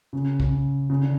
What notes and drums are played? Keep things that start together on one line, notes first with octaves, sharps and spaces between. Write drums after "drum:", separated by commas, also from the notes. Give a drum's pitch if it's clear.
C#3
C#3, drum: kick
C#3
D3